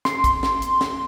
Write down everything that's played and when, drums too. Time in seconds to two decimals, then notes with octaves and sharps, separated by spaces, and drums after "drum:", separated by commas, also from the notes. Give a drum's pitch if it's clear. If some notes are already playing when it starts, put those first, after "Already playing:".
0.05 C6, drum: snare
0.24 drum: kick, hi-hat
0.43 drum: snare
0.62 drum: hi-hat
0.81 drum: snare